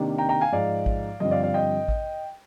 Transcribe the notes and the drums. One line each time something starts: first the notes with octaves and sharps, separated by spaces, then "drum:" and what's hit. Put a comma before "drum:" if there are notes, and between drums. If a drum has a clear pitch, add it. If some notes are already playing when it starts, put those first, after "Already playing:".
Already playing: C3 D#3 A#3 D4
G5 A#5
G5 A#5
F5 G#5
G#2 F3 G#3 D5 F5
drum: kick A1
G2 D3 F3 C4 D#5
D5 F5
D5 F5
D#5 G5
drum: kick A1